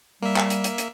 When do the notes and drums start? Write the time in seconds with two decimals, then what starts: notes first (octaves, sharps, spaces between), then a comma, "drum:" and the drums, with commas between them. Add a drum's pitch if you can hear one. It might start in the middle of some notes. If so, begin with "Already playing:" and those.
0.22 G3 A#3 E5
0.36 drum: clap
0.50 drum: hi-hat
0.64 drum: hi-hat
0.78 drum: hi-hat